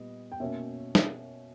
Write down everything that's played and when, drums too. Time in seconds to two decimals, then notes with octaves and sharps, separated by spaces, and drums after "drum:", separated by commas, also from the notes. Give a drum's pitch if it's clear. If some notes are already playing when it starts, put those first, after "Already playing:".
Already playing: A#2 G3 B3 D#5
0.32 G5
0.40 B2 A#3 C#4 C#5 E5
0.95 drum: snare